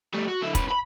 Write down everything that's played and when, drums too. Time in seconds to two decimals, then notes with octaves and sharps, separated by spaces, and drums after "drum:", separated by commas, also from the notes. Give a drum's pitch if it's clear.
0.14 G3 A3
0.28 F#4
0.42 D3 E4
0.55 C#4 B4, drum: kick, hi-hat
0.68 B4 B5